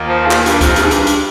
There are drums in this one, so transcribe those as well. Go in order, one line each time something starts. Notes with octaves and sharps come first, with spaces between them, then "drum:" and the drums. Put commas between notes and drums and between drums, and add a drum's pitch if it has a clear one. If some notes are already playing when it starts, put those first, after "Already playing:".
Already playing: D#2 D#3 A#3 F4
F3
G#2
A#2, drum: clap
G2, drum: hi-hat
F2, drum: kick C#2, hi-hat
G2, drum: hi-hat
G#2
G2, drum: hi-hat
drum: hi-hat